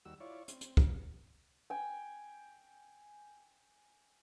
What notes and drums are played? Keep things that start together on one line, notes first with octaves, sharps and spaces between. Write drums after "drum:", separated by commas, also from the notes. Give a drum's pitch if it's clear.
D#2 G3 F#4 E6
E4 F4 C#5 D5
C4, drum: hi-hat
drum: hi-hat
drum: kick
G5 G#5